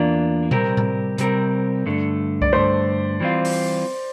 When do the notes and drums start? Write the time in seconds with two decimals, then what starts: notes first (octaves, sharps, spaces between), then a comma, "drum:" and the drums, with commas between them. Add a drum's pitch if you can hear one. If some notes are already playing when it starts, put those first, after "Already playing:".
Already playing: E2 E3 A#3 D4 F4 D5
0.51 C3 G3 C4 G4 A#4, drum: tom A#2
0.77 drum: tom A2
1.18 C3 G3 C4 G4 A#4, drum: hi-hat
1.86 G2 D3 A3
2.42 D5, drum: kick C2
2.52 G2 D3 A3 C5
3.20 E3 G3 C4 F4
3.45 drum: open hi-hat